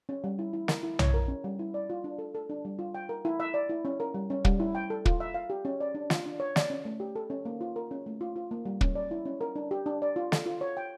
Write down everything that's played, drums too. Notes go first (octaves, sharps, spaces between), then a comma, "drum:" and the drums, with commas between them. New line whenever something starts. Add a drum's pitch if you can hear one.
C#4
G3
E4
E4
A#4, drum: snare
E4
C#5, drum: tom B1
A#4
C#4
G3
E4
D5
F4
D4
A4
A4
D4
G3
F4
G5
A#4
E4
E5
D5
E4
C#4
A#4
G3
C#4
G3, drum: kick
E4
G5
A4
F4, drum: kick
E5
F5
G4
C#4
D5
D4
F4, drum: snare
D4
C#5
D5, drum: snare
C#4
A3
G4
A4
C#4
A#3
F4
A#4
C#4
A3
F4
F4
A#3
G3
C#4, drum: kick
D5
E4
C#4
A#4
D4
G4
D4
D5
F4
A4, drum: snare
F4
C#5
G5